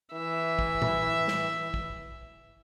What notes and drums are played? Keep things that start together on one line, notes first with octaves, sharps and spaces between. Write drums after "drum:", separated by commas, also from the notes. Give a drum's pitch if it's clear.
E3 E5
drum: kick
drum: tom A2
drum: snare
drum: kick